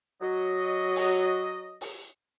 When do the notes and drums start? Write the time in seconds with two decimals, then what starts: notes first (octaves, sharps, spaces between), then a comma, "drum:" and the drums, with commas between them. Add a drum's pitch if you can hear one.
0.21 F#3 F#4 D#5
0.96 drum: open hi-hat
1.81 drum: open hi-hat